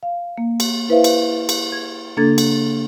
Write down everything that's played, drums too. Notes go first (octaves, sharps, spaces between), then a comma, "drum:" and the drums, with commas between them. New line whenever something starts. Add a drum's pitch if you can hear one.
F5
A#3
drum: cymbal
E4 B4 C5 E5 F5
drum: cymbal
drum: cymbal
G#6
C#3 A#3 D4 A4 G#6 A6
drum: cymbal